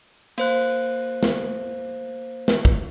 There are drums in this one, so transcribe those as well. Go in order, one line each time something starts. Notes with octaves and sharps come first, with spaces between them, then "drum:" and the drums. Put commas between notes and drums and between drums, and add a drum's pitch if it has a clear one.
A#3 C5 F#6, drum: cymbal
drum: snare
drum: snare
drum: kick